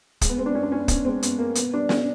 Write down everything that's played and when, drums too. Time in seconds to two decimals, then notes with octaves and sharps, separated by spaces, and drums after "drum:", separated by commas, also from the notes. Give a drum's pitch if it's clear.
0.21 G#3, drum: kick, hi-hat
0.29 B3
0.38 G#3 C4
0.46 D4
0.54 F#2 C#4
0.63 D4
0.71 F#2 C#4
0.80 B3
0.88 F#2 C#4, drum: kick, hi-hat
1.05 G#3 C4
1.23 F#2 B3, drum: hi-hat
1.39 G#3 A#3
1.55 B2 B3, drum: hi-hat
1.73 G3 D4
1.89 B2 C#4, drum: snare